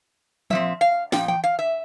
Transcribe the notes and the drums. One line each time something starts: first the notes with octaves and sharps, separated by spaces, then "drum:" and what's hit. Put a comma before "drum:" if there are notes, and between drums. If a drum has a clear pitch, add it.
A#2 F3 C4 E5, drum: tom F3
F5
A#2 F3 G5, drum: snare
G5, drum: tom E3
F5
E5